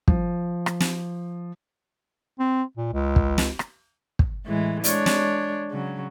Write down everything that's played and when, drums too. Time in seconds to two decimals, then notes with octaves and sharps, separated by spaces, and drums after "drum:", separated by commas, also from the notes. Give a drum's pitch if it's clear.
0.08 F3, drum: kick
0.66 drum: rim click
0.80 drum: snare
2.39 C4
2.77 A#2
2.93 C#2
3.16 drum: kick
3.38 drum: snare
3.59 drum: rim click
4.19 drum: kick
4.46 A2 E3 G#3
4.84 G#3 D4 C#5, drum: hi-hat
5.06 drum: snare
5.71 C#3 F#3